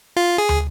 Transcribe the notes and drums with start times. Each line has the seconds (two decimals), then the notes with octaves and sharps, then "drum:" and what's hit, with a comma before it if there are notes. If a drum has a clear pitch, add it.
0.17 F4
0.38 G#4
0.49 drum: tom